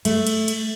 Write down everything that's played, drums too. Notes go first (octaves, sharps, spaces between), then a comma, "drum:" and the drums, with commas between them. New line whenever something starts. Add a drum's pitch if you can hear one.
A3, drum: cymbal
drum: cymbal
drum: cymbal